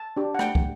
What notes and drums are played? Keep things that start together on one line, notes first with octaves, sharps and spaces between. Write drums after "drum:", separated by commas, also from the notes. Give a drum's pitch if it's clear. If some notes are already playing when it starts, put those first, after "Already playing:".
Already playing: A5
D4 G4
F#5
A3 G5, drum: rim click
drum: kick